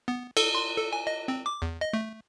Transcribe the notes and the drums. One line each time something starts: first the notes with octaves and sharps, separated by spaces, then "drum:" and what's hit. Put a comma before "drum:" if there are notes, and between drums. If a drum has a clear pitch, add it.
B3
A4, drum: cymbal
C6
A4
G#5
D#5
C4
D6
E2
D#5
A3